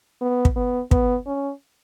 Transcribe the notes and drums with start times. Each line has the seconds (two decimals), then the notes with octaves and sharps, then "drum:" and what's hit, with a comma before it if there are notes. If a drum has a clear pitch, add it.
0.21 B3
0.45 drum: kick
0.56 B3
0.91 B3, drum: kick
1.27 C#4